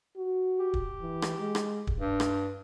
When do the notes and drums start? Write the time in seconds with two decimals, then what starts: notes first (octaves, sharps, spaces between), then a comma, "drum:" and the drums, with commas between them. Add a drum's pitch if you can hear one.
0.17 F#4
0.60 G4
0.74 drum: kick
1.01 E3
1.22 drum: rim click
1.39 G#3
1.55 drum: rim click
1.87 drum: kick
2.00 G2 D4
2.20 drum: rim click